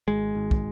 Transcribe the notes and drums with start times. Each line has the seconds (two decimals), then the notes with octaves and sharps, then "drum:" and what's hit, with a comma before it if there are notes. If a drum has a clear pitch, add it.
0.08 G#1 G#3
0.35 G#1
0.51 drum: kick